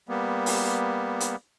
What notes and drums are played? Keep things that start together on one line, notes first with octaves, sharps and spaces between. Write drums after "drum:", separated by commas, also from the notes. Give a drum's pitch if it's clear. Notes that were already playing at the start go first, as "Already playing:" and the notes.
G3 A#3 B3
drum: open hi-hat
drum: hi-hat